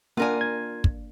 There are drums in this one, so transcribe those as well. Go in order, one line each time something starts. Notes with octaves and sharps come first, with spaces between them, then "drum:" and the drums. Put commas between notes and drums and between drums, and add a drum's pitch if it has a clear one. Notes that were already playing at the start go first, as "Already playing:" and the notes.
A#3 D4 F4 A#4 F#5 G#5
G#6
drum: kick